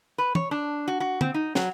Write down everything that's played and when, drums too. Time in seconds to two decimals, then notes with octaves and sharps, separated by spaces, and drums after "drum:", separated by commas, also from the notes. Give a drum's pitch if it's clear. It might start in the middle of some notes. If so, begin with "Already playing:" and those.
0.18 B4
0.35 C#5, drum: tom
0.51 D4
0.88 F#4
1.00 F#4
1.21 C4, drum: tom
1.34 D#4
1.55 F#3, drum: snare